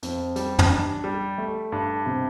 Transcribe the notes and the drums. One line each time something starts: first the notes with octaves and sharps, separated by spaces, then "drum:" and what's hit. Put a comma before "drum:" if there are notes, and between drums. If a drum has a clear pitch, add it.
F2, drum: hi-hat
G3, drum: hi-hat
drum: tom
D4
G3
A3
G2
C3